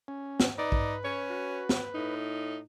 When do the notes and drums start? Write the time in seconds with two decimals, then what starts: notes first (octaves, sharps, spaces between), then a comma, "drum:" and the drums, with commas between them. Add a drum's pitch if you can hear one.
0.08 C#4
0.40 drum: snare
0.58 D#4 B4 D5
0.72 drum: kick A#1
1.04 C#4 C#5
1.29 F#4
1.69 drum: snare
1.94 A2 D#4